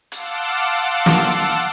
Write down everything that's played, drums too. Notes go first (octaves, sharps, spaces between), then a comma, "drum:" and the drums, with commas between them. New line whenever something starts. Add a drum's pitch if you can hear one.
F5 F#5 A5 C6 D6 E6, drum: hi-hat
drum: snare